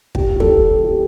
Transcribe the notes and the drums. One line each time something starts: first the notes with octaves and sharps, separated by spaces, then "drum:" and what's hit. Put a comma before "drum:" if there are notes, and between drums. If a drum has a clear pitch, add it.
G4, drum: kick
G4
A4, drum: tom
G4